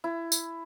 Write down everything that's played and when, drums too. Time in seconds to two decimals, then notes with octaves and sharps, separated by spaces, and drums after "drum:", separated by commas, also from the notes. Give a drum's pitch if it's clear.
0.04 E4
0.32 drum: tambourine